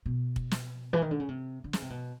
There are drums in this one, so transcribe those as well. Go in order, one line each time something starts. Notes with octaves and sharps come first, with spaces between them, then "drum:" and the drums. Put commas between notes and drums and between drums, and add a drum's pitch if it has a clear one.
B2
drum: kick
drum: snare
E3
D#3
D3
C#3
C3
D3
C#3, drum: snare
C3
B2